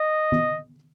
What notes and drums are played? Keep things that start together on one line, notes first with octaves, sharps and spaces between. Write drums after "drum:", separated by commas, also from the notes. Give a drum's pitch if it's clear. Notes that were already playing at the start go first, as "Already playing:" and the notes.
Already playing: D#5
drum: tom D#3